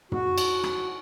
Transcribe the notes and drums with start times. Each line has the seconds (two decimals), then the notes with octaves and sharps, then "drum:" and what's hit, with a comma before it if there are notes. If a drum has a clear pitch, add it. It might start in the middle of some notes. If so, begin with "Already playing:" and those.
0.12 F#4, drum: tom
0.38 drum: cymbal
0.64 drum: rim click